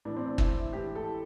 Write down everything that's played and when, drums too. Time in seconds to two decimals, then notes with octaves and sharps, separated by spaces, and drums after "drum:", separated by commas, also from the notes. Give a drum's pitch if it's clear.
0.05 A2 E3 D4
0.17 C4
0.28 D4
0.38 E4, drum: kick
0.73 A2 E3 G4
0.95 A4